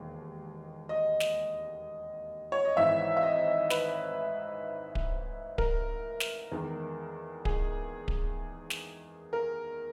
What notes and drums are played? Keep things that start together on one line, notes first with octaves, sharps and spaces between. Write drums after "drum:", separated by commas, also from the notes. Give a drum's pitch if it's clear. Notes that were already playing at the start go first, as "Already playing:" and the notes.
Already playing: E1 D#2 G#3
D#5
drum: snare
C#5
D#5
G#1 G#2 E3 E5
E5
D#5
B4, drum: snare
drum: kick D1
A#4, drum: kick D1
drum: snare
E2 D#3 G#3
G#4, drum: kick D1
drum: kick D1
drum: snare
A#4